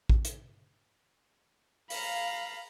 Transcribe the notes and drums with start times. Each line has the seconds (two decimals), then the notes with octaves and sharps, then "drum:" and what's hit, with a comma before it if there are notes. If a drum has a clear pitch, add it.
0.09 drum: kick A1
0.25 drum: hi-hat
1.90 F5 A#5 B5, drum: open hi-hat